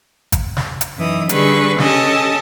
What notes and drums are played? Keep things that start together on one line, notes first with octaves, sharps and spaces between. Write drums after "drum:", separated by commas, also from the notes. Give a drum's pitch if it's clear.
drum: kick G#1, hi-hat
drum: snare
drum: hi-hat
F#2 E3 D#4 D#6
D3 G3 G#4 B4 C#6, drum: hi-hat
C#4 G4 A4 D#5 G#5 A5, drum: snare